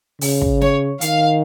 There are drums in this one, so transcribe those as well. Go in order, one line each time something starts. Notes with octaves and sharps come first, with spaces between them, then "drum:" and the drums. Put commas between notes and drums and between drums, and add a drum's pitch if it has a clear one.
C#3, drum: open hi-hat
drum: kick
C#5, drum: snare
D#3 F5, drum: hi-hat